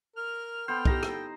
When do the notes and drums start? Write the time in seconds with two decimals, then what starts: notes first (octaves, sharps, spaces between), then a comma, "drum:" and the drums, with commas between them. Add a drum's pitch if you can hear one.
0.16 A#4 F6
0.68 B3 A4 C5 G5
0.85 D#4 E4 G4 A#5, drum: kick
1.03 drum: rim click